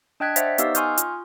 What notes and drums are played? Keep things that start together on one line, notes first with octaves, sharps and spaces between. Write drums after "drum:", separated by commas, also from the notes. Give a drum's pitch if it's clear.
D4 D#5 G5 F#6 G#6 B6
C5 D5 E5 F#5 A6 B6, drum: hi-hat
B3 D#4 G4 D#5 F5 E6, drum: hi-hat
G#5 C6 C#6 D#6 F6 G6, drum: hi-hat
F4, drum: hi-hat